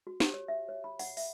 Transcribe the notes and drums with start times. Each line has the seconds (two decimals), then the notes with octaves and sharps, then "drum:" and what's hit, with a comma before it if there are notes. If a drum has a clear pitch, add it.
0.07 F#4
0.20 G4, drum: snare
0.34 C#5
0.48 E5
0.69 C#5
0.84 B5
0.99 F#5, drum: open hi-hat
1.17 E5, drum: open hi-hat